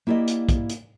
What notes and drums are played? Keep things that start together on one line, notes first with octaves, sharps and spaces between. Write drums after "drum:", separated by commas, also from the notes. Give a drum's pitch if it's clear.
A#3 E4 G4 D5 D#5
drum: hi-hat
drum: kick, hi-hat
drum: hi-hat